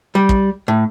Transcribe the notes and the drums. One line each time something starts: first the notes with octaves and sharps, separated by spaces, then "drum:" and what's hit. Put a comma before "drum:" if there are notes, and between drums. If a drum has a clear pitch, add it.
G3
drum: kick
A2